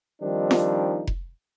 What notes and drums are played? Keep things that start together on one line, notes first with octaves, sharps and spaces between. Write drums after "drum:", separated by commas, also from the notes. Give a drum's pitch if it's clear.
D#3 F3 G3 C4 D4 D#4
drum: snare F4
drum: kick F1